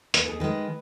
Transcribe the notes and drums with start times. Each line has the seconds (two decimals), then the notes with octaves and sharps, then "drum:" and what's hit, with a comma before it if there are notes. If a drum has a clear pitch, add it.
0.14 D#2 B4, drum: hi-hat
0.28 G#4
0.40 D#3 G#3 B4